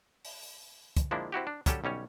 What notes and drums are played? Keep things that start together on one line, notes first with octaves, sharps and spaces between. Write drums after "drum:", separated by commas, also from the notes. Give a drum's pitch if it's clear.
drum: open hi-hat
drum: kick, hi-hat
F3 G#3 A#3 D4 E4
C4 E4 F#4 G4
D4
F#3 G3 C#4 G4 A4, drum: kick, hi-hat
B1 G3 C#4 C#5